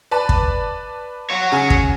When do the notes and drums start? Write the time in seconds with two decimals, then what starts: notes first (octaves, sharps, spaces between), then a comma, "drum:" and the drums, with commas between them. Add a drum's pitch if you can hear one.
0.11 B4 D5 A5
0.29 drum: kick
1.30 F#4 C#5
1.52 C#3 G#5
1.70 drum: kick